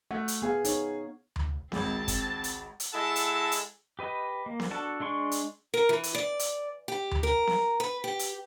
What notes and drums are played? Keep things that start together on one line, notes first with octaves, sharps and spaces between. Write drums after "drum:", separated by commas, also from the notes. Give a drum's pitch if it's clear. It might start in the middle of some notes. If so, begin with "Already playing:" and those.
A3 F#5
drum: hi-hat
B3 G#4 F5
D#4 C#5, drum: hi-hat
drum: tom D2
G#1 C#2 C4 A5, drum: snare B3
drum: kick, hi-hat
drum: hi-hat
drum: hi-hat
G#3 E4 A4 D#5 F#5 A5
drum: hi-hat
drum: hi-hat
G4 B4 D#5
A#3
drum: snare B3
D4 F#4 A4 A5
G#3 D4 C6 C#6
drum: hi-hat
A#4
E3
drum: hi-hat
D5
drum: hi-hat
G4
drum: tom D2
A#4
drum: snare B3
B4
G4
drum: hi-hat